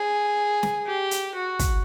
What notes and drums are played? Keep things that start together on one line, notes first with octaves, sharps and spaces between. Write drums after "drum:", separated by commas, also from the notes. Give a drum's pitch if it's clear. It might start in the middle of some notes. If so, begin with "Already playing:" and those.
Already playing: G#4
drum: snare
G4
drum: hi-hat
F#4
drum: kick, hi-hat